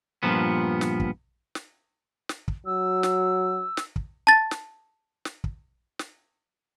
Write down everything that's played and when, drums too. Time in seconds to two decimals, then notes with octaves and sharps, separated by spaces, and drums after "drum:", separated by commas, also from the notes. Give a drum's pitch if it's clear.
0.23 G2 A#2 F3 B3
0.81 drum: snare
1.00 drum: kick
1.55 drum: snare
2.29 drum: snare
2.48 drum: kick
2.66 F#3 E6
3.03 drum: snare
3.77 drum: snare
3.96 drum: kick
4.27 A5 A6
4.51 drum: snare
5.25 drum: snare
5.44 drum: kick
5.99 drum: snare